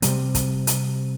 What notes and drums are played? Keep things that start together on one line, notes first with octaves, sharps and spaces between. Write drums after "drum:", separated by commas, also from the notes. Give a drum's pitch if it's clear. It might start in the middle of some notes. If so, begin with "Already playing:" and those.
C3 G3 C4, drum: hi-hat
drum: kick, hi-hat
drum: hi-hat